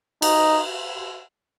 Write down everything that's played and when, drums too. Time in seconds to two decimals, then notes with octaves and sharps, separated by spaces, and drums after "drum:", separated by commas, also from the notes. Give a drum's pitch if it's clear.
0.22 D#4, drum: cymbal